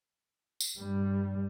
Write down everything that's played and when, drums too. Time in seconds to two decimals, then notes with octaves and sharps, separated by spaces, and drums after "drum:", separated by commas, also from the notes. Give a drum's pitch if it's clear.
0.60 drum: tambourine
0.79 G2 G3